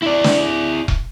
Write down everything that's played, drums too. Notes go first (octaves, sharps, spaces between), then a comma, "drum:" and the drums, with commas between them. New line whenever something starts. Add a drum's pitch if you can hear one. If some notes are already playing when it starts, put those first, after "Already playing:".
E4 D5
drum: snare
drum: kick E1